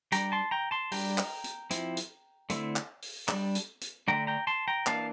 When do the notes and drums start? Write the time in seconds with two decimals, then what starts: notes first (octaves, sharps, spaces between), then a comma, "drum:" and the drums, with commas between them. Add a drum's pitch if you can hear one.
0.12 G3 D4 G5 A#5, drum: hi-hat
0.32 A5 C6
0.51 G5 A#5
0.71 A5 C6
0.92 G3 D4 G5 A#5, drum: open hi-hat
1.18 drum: clap
1.44 drum: hi-hat
1.71 F3 C4 E4, drum: hi-hat
1.97 drum: hi-hat
2.50 D3 A3 C4 E4, drum: hi-hat
2.76 drum: clap
3.02 drum: open hi-hat
3.28 G3 D4, drum: clap
3.55 drum: hi-hat
3.81 drum: hi-hat
4.08 D3 A3 D4 G5 A#5
4.27 G5 A#5
4.47 A5 C6
4.68 G5 A#5
4.86 E3 A#3 D4 F5 A5, drum: clap